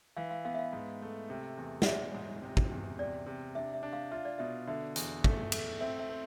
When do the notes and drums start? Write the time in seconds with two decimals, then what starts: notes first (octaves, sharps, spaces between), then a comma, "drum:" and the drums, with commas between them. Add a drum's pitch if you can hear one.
0.17 E3 F5
0.31 F5
0.45 B3 F5
0.54 E5
0.59 F5
0.73 G#2
1.02 A3
1.30 C3
1.57 E2
1.82 D5, drum: snare
1.86 G#3 E5
2.14 G#2
2.42 C3
2.57 drum: kick
2.71 E2
2.99 C3 D5
3.26 C3
3.55 D4 E5
3.74 E5
3.83 D4
3.93 F5
4.11 F4 E5
4.25 D5
4.39 B2 E5
4.67 D3 E5
4.96 E2, drum: hi-hat
5.24 A3, drum: kick
5.52 A3, drum: cymbal
5.81 C4 E5
5.99 E5
6.09 C4